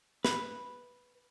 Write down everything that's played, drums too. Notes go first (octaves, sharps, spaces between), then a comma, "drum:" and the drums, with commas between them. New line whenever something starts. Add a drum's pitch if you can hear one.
B4, drum: snare